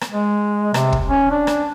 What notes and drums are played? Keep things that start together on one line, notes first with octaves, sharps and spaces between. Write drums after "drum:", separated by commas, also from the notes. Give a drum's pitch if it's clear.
drum: rim click
G#3
C3, drum: rim click
drum: kick
C#4
D4
drum: rim click